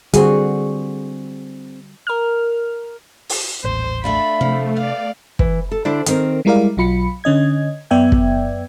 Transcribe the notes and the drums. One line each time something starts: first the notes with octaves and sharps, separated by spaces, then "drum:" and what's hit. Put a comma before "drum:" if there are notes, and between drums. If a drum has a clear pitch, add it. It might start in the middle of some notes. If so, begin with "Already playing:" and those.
D3 G3 C4 F#4 G#4, drum: hi-hat
A#4 F6
drum: open hi-hat
D#1 A1 C5
A3 D4 F4 B5
C3 F3 A3 D4
B3 D5 F5
E3, drum: kick
A4
D3 D4 E4 C5 D5
D#3 C4 A#4, drum: hi-hat
G3 G#3 E4 A#4 D5 F5
B1 F#3 F4 B5 C#7
D3 C#4 D#5 G#6
F#2 B3 D5 E5 G5 G#6
drum: kick